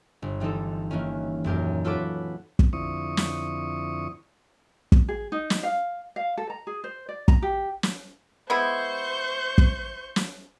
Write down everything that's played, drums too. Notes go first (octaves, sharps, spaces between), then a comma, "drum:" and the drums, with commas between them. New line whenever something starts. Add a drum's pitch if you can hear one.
G1
E3 G3 C4 D#4 A4
D#3 E3 A#3 C#4
D#1 F#2 G4 A#4
F4 A4 B4 C#5 F#5 D6
drum: kick
F2 D3 C4 E4 C#6 D#6
drum: snare
drum: kick
G#4
D#4
drum: snare
F5
F5
A4
A#5
G#4
C5
D5
A#5, drum: kick
G4
drum: snare
G#3 B3 E4 C5 C#6 G6
drum: kick
drum: snare